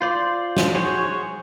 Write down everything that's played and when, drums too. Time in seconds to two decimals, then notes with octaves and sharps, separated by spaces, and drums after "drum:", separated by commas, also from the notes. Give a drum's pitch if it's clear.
0.01 F4 C5 D5
0.57 drum: snare
0.75 F#4 G#4 C5 C#5